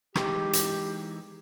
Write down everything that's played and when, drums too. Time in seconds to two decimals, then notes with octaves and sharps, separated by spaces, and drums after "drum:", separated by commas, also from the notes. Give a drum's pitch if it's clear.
0.15 E3 G#3 D#4 G4, drum: rim click
0.53 drum: hi-hat